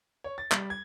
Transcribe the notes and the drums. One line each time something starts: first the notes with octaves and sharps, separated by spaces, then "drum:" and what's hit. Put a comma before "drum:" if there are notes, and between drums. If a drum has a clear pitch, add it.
C#5
A6
G3, drum: clap
G#6